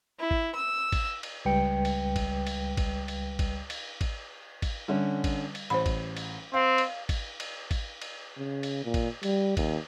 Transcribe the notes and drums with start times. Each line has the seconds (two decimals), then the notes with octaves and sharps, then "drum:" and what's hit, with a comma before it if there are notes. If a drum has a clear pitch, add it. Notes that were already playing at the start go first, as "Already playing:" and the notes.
0.19 E4
0.31 drum: kick G#1
0.55 E6
0.92 drum: kick G#1, cymbal
1.23 drum: cymbal
1.45 C#2 G3 B4 G5 C#7
1.85 drum: cymbal
2.16 drum: kick G#1, cymbal
2.47 drum: cymbal
2.77 drum: kick G#1, cymbal
3.08 drum: cymbal
3.39 drum: kick G#1, cymbal
3.70 drum: cymbal
4.01 drum: kick G#1, cymbal
4.62 drum: kick G#1, cymbal
4.88 D3 G3 C#4
5.24 drum: kick G#1, cymbal
5.55 drum: cymbal
5.70 A1 C5 B5
5.86 drum: kick G#1, cymbal
6.17 drum: cymbal
6.54 C4 F5
6.78 drum: cymbal
7.09 drum: kick G#1, cymbal
7.40 drum: cymbal
7.71 drum: kick G#1, cymbal
8.02 drum: cymbal
8.38 C#3
8.63 drum: cymbal
8.85 A#2
8.94 drum: kick G#1, cymbal
9.23 G3, drum: cymbal
9.57 D#2, drum: kick G#1, cymbal